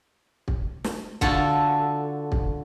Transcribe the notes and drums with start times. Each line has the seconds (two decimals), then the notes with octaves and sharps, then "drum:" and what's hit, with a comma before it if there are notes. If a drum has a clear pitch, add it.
0.48 drum: kick
0.84 drum: snare
1.21 D3 F4 F#4 A4, drum: kick
2.32 drum: kick